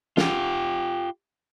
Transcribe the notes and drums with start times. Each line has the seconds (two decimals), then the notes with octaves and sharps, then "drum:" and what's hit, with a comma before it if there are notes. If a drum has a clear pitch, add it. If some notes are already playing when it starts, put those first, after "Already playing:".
0.17 F4 G4, drum: snare